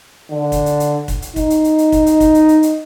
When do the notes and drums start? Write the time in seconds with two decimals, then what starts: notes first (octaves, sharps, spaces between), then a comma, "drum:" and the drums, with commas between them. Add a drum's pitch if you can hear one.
0.31 D3
0.52 drum: kick, hi-hat
0.66 drum: hi-hat
0.80 drum: hi-hat
1.08 drum: kick, hi-hat
1.22 drum: hi-hat
1.36 D#4, drum: kick, hi-hat
1.50 drum: hi-hat
1.64 drum: hi-hat
1.78 drum: hi-hat
1.92 drum: kick, hi-hat
2.06 drum: hi-hat
2.20 drum: kick, hi-hat
2.35 drum: hi-hat
2.49 drum: hi-hat
2.63 drum: hi-hat